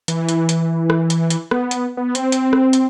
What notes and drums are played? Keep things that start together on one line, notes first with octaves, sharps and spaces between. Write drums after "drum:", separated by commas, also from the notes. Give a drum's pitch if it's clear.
E3, drum: hi-hat
drum: hi-hat
drum: hi-hat
drum: rim click
drum: hi-hat
drum: hi-hat
B3, drum: rim click
drum: hi-hat
B3
C4, drum: hi-hat
drum: hi-hat
drum: rim click
drum: hi-hat